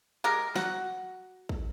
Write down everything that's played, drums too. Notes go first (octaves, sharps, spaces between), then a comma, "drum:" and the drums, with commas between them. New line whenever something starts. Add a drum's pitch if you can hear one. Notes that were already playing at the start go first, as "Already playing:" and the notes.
G#3 G4 A#4
F#4 F#5, drum: snare
drum: kick A1